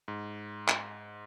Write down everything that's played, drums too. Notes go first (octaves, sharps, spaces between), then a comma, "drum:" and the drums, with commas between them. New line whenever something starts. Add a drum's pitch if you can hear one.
G#2
drum: clap